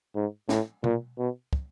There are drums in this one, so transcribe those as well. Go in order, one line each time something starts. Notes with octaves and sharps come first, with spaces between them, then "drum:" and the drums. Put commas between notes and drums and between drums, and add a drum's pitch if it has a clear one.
G#2
A2, drum: snare
A#2, drum: tom B2
B2
drum: kick